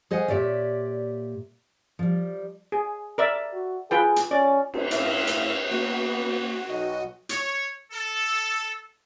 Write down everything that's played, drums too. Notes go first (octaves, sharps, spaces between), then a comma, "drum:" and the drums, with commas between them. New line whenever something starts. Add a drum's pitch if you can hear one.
G#4 C5 D#5 F5 F#5 G#5
A#2 G4 C#5 D5 E5
F3 G3
G#4
A#4 D5 E5
F#4
F4 G#4 B4 G5
drum: hi-hat
C#4 D5
drum: cymbal
E4 C#5 E5 F5 A#6, drum: hi-hat
drum: hi-hat
A#3 B3 F#4
B1 D#5
C#5, drum: hi-hat
A4